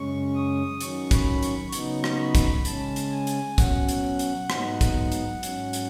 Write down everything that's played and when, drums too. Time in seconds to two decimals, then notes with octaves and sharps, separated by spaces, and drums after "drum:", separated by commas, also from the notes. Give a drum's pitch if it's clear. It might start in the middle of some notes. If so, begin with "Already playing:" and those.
Already playing: F#2 C#3 G#3 C#4 C#6
0.35 D#6
0.81 D#3 F#3 C#4 C#6, drum: hi-hat
1.11 B5, drum: kick, hi-hat
1.43 C#6, drum: hi-hat
1.73 C#3 F#3 B3 D#4 C#6, drum: hi-hat
2.04 drum: rim click
2.19 B5
2.35 drum: kick, hi-hat
2.65 C#3 G#3 C#4 A5, drum: hi-hat
2.96 drum: hi-hat
3.11 G#5
3.27 drum: hi-hat
3.58 B2 F#3 C#4 F#5, drum: kick, hi-hat
3.89 drum: hi-hat
4.19 drum: hi-hat
4.50 G#2 F#3 B3 D#4, drum: rim click
4.81 drum: kick, hi-hat
5.12 drum: hi-hat
5.43 G#2 F#3 C#4, drum: hi-hat
5.73 drum: hi-hat